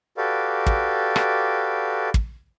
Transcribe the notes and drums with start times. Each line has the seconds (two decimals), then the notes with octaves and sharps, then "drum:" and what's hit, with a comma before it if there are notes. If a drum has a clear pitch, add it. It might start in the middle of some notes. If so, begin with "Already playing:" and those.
0.17 F#4 G4 A4 B4 D5 F5
0.66 drum: kick
1.16 drum: rim click
2.14 drum: kick